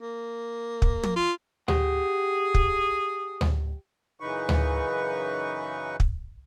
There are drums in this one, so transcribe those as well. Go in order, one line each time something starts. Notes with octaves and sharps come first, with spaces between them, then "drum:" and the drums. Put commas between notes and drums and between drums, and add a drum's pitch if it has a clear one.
A#3
drum: kick
drum: tom
F4
G4 G#4 F#5, drum: tom D2
drum: kick
drum: tom D2
F#2 C#3 E3 D#4 B4 C#6
drum: tom D2
drum: kick